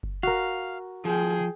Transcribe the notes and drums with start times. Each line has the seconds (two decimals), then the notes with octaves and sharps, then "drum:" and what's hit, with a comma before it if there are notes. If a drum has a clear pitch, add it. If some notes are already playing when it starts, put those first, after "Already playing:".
0.03 drum: kick F#1
0.23 F#4 A#4 F5
1.05 F3 G#4 G5